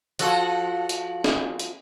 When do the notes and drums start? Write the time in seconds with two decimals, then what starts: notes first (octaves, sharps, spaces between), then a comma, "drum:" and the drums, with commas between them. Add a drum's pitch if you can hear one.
0.19 F3 F#4 A4, drum: hi-hat
0.89 drum: hi-hat
1.24 drum: snare
1.59 drum: hi-hat